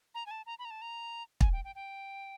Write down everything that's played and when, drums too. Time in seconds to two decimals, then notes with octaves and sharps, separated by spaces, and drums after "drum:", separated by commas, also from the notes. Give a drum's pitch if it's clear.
0.15 A#5
0.26 G#5
0.31 A5
0.46 A#5
0.59 B5
0.65 A#5
0.71 A5
0.82 A#5
1.41 G#5, drum: kick
1.53 G5
1.64 G5
1.75 G5